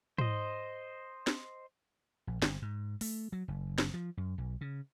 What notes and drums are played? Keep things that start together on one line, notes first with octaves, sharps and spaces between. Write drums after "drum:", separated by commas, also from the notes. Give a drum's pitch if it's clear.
C5 D#5, drum: tom G#2
drum: snare
A#1
G1, drum: snare
G#2
A3, drum: open hi-hat
F#3
F#1
drum: snare
F3
F#2
B1
C#3